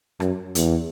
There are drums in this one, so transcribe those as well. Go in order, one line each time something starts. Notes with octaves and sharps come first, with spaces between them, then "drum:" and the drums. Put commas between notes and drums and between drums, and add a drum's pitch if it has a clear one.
F#2, drum: rim click
E2, drum: hi-hat